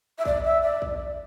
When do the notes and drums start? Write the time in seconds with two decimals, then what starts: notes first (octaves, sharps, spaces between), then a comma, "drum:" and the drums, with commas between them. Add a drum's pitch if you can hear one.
0.18 E5
0.25 D5, drum: kick A#1
0.44 E5
0.63 D5
0.82 drum: kick A#1